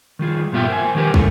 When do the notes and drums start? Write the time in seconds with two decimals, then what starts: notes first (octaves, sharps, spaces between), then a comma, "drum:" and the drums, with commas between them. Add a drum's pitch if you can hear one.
0.19 D#3 G3 F4 G#4
0.52 G2 A#2 B3 F4 E5 G5
0.68 A#4 C5 G#5
0.95 D#3 G3 G4 A#4 B4
1.14 C#3 G#3 A3 A4 A#4, drum: kick